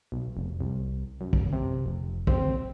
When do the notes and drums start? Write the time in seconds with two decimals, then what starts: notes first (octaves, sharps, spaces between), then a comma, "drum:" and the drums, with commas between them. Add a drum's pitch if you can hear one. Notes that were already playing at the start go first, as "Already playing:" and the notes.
0.12 B1
0.37 F1
0.61 C2
1.21 F#2
1.33 drum: kick
1.53 C3
1.86 F1
2.27 C4, drum: kick